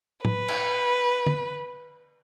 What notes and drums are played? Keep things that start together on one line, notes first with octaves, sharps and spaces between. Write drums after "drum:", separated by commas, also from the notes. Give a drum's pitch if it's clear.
B4, drum: tom A2
drum: cymbal
drum: tom D3